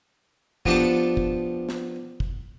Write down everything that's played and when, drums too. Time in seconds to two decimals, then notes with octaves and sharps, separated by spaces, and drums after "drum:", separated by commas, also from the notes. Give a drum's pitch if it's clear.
0.66 F3 B3 D4 G4 A4 A5, drum: kick
1.17 drum: kick
1.69 drum: snare
2.20 drum: kick